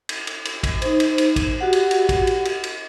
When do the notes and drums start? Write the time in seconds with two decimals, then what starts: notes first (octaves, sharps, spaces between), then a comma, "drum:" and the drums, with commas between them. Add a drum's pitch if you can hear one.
0.09 drum: cymbal
0.27 drum: cymbal
0.45 drum: cymbal
0.63 drum: kick, cymbal
0.82 D#4 C5, drum: cymbal
1.00 drum: cymbal
1.18 drum: cymbal
1.36 drum: kick, cymbal
1.61 F#4 G4 F#5
1.73 drum: cymbal
1.91 drum: cymbal
2.09 drum: kick, cymbal
2.27 drum: cymbal
2.45 drum: cymbal
2.63 drum: cymbal